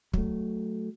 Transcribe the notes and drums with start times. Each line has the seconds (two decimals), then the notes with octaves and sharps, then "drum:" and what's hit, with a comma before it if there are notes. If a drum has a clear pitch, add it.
0.13 F#3 A3, drum: kick